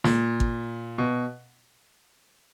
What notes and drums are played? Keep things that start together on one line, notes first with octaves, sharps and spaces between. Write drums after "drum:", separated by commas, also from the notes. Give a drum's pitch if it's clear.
A#2, drum: snare
drum: kick
B2